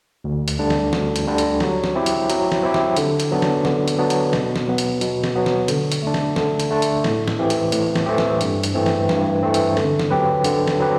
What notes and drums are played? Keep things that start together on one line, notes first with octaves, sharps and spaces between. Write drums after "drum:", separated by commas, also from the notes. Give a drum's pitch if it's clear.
D2
drum: hi-hat
D3 G3 D4
drum: snare
D2, drum: snare
drum: hi-hat
D3 G3 D4
drum: hi-hat
F#3, drum: snare
drum: snare
C4 E4 G4
drum: hi-hat
F#3, drum: hi-hat
drum: snare
C4 E4 G4
drum: snare
D3, drum: hi-hat
drum: hi-hat
F#3 B3 D4
drum: snare
D3, drum: snare
drum: hi-hat
F#3 B3 D4
drum: hi-hat
B2, drum: snare
drum: snare
F#3 B3
drum: hi-hat
B2, drum: hi-hat
drum: snare
F#3 B3
drum: snare
D3, drum: hi-hat
drum: hi-hat
A3 D4
drum: snare
D3, drum: snare
drum: hi-hat
A3 D4
drum: hi-hat
A2, drum: snare
drum: snare
E3 A3 C4 G4
drum: hi-hat
A2, drum: hi-hat
drum: snare
E3 A3 C4 G4
drum: snare
G2, drum: hi-hat
drum: hi-hat
E3 A3 C4
drum: snare
G2, drum: snare
E3 A3 C4
drum: hi-hat
D3, drum: snare
drum: snare
F#3 C4 G4 B4
D3, drum: hi-hat
drum: snare
F#3 C4 G4 B4